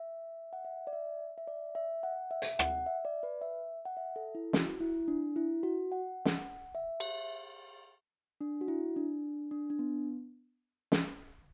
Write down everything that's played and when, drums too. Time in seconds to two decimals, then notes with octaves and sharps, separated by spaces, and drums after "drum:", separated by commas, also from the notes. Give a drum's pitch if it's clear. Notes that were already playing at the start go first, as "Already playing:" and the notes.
Already playing: E5
0.53 F#5
0.65 E5
0.87 D5
0.93 E5
1.38 E5
1.47 D5
1.75 E5
2.03 F#5
2.31 E5
2.42 drum: hi-hat
2.59 F#5, drum: rim click
2.86 E5
3.05 D5
3.23 B4
3.41 E5
3.85 F#5
3.97 E5
4.16 A4
4.35 E4
4.53 F#4, drum: snare
4.80 E4
5.08 D4
5.36 E4
5.63 F#4
5.92 F#5
6.25 drum: snare
6.75 E5
7.00 drum: cymbal
8.41 D4
8.61 F#4
8.68 E4
8.96 D4
9.51 D4
9.70 D4
9.79 B3
10.92 drum: snare